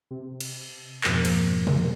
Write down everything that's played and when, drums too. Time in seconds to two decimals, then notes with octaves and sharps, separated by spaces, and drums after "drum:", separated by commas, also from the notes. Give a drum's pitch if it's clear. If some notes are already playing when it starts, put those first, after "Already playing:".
0.11 C3
0.41 drum: cymbal
1.04 F2 G#2 B2 F3 A#3 A#4, drum: clap
1.25 drum: cymbal
1.67 drum: tom B2